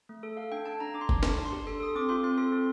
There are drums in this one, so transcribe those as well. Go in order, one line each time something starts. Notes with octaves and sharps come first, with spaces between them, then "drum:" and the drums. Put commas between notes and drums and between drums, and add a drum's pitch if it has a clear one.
A3
A4
A4 F5
D4 G5
D4 A5
D4 A#5
D4 D6
C6
D4, drum: kick F#1
D4 C6, drum: snare
D4
C6
G4
A4 C6
A4 D#6
C4 D6
F4 C6
C4 C6
A4 C6
C4